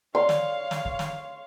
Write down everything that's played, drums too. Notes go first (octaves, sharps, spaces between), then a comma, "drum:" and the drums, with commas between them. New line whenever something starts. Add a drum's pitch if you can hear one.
C#5 D5 F5 C6
drum: snare
drum: snare
drum: kick
drum: snare